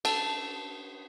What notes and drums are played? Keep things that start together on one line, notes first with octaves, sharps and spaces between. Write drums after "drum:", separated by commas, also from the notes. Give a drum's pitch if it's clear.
A4, drum: cymbal